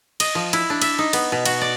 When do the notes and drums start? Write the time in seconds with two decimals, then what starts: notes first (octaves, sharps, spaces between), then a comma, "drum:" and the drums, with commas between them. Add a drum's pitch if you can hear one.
0.20 D#5, drum: cymbal
0.35 F3
0.53 E4, drum: cymbal
0.70 D4
0.82 E5, drum: cymbal
0.99 D#4
1.13 B3, drum: cymbal
1.32 B2
1.45 F#4, drum: cymbal
1.61 D5